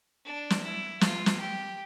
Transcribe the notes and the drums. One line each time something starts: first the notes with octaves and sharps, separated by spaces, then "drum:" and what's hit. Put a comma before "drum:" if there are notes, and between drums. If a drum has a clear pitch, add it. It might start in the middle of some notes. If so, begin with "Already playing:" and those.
D4
drum: snare
E4
F4, drum: snare
drum: snare
G4